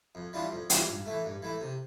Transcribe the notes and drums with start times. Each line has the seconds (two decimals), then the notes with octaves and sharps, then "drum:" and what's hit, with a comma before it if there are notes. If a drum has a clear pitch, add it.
0.15 F2
0.33 E3 G3 D4 F4
0.51 F2
0.70 E3 G3 D4 F4, drum: hi-hat
0.88 G2
1.06 E3 A3
1.24 G2
1.43 E3 A3
1.61 C3